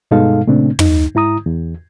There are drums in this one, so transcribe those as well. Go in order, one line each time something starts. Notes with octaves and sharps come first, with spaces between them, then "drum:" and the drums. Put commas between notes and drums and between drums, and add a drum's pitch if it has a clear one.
G2 B2 G#3 D#4 A4 F5
A#2 C#3 A3 C4 D4
F#2 D#4, drum: tom
G#2 E4 A#5 D#6
E2